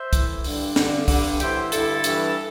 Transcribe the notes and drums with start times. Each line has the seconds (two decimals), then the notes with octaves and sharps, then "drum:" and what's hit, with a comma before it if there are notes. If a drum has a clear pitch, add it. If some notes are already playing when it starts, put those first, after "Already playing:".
Already playing: C5 E5
0.13 A2 E3, drum: kick, hi-hat
0.44 G2 D3, drum: open hi-hat
0.76 G2 D3, drum: snare
1.08 G2 D3, drum: kick, open hi-hat
1.40 A2 E3 G4 C5, drum: hi-hat
1.72 G2 D3 E4 A4, drum: hi-hat
2.04 G2 E3, drum: hi-hat